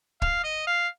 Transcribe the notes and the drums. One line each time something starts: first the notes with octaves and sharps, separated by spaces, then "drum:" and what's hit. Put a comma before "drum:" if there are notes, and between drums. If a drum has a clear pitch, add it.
F5, drum: kick
D#5
F5